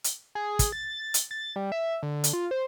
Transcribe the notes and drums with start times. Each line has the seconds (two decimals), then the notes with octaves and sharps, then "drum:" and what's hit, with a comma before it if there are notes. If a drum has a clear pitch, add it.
0.04 drum: hi-hat
0.35 G#4
0.59 drum: kick, hi-hat
0.72 A6
1.14 drum: hi-hat
1.31 A6
1.56 G3
1.72 E5
2.03 D3
2.24 drum: hi-hat
2.33 F4
2.51 C5